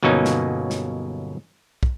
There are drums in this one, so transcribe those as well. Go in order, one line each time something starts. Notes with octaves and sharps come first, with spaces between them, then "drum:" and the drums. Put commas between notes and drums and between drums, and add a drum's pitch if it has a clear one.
G1 B2 F#3 A#3 C#4 D#4
drum: snare
drum: snare
drum: kick